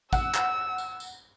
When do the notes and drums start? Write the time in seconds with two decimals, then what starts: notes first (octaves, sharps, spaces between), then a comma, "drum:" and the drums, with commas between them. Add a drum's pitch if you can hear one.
0.13 F#5 E6, drum: kick, tambourine
0.34 drum: clap
0.78 drum: tambourine
1.00 drum: tambourine